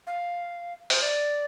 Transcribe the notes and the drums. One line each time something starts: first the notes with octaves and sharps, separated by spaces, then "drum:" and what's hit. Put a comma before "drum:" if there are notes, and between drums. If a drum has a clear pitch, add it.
F5
C5, drum: open hi-hat
D5